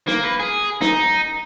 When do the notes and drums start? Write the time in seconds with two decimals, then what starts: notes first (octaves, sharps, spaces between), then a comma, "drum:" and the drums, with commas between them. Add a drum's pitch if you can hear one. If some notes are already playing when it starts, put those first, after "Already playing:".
0.08 A#3, drum: snare
0.24 B4
0.40 G#4
0.81 D#4, drum: snare